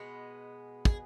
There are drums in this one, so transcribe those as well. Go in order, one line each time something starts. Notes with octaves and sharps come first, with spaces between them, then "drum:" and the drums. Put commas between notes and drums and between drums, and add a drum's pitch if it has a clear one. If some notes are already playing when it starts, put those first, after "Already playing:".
Already playing: B2 G#3 B3
G#4, drum: kick